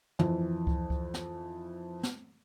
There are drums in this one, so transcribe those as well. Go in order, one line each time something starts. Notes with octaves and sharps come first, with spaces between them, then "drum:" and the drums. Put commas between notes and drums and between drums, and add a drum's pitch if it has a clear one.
F2 E3, drum: tom
drum: kick C#2
drum: kick C#2
drum: snare
drum: snare